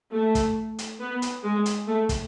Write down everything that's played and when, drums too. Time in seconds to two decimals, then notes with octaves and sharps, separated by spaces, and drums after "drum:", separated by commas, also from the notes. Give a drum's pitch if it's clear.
0.13 A3
0.35 drum: kick, hi-hat
0.78 drum: hi-hat
1.00 B3
1.22 drum: hi-hat
1.44 G#3
1.66 drum: hi-hat
1.87 A3
2.09 drum: kick, hi-hat